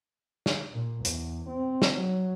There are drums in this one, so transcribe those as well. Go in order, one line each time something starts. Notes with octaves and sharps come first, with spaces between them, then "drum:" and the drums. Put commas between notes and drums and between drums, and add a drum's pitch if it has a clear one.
drum: snare
A#2
E2, drum: hi-hat
C4
drum: snare
F#3